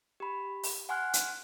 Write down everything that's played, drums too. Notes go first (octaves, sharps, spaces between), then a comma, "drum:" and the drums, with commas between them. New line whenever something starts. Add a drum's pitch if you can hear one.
G4 B5
drum: open hi-hat
F#5 G#5 C6 F6 F#6
drum: hi-hat